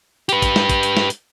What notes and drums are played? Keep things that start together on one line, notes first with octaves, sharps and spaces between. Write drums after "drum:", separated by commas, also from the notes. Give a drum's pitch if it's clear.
G4 B4, drum: hi-hat
drum: kick, hi-hat
drum: snare
drum: kick, hi-hat
drum: hi-hat
drum: snare
drum: hi-hat